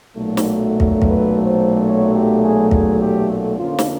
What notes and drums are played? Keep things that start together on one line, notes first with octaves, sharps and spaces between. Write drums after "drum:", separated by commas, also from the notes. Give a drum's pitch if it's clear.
B1 A#2 F#3 A3
drum: snare
drum: kick
B4, drum: kick
C5
C#5
G4
G#4
G#4, drum: kick
G4
F2 D3 F3 A#3 C#4 F4
drum: snare